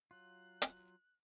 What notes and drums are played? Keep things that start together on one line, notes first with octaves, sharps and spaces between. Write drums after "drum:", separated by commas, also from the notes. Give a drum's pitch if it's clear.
F#3 F4 F#6
drum: hi-hat